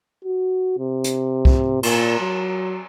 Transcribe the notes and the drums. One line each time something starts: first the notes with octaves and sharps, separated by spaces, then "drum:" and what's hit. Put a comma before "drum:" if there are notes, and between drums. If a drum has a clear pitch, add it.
F#4
C3
drum: hi-hat
drum: kick
A#2, drum: cymbal
F#3